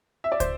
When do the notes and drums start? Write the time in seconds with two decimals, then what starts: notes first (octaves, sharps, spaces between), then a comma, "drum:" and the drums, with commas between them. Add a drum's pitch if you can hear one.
0.24 E5
0.32 D5
0.40 C5, drum: kick, hi-hat